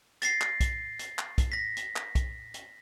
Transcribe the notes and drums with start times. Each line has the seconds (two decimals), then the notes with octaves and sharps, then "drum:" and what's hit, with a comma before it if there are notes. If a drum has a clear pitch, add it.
0.22 A6 A#6 C7, drum: hi-hat
0.41 drum: clap
0.60 drum: kick, hi-hat
0.99 drum: hi-hat
1.19 drum: clap
1.38 drum: kick, hi-hat
1.52 A#6 B6
1.77 drum: hi-hat
1.96 drum: clap
2.15 drum: kick, hi-hat
2.54 drum: hi-hat